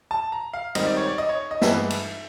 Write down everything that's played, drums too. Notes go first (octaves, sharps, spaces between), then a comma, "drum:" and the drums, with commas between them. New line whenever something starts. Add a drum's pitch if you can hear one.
A5
A#5
F5
G#2 D#3 G3 C4 D#4 D#5, drum: cymbal
D5
C#5
D5
D#5
C#5
D#5
G2 E3 G#3 B3 E5, drum: snare
drum: cymbal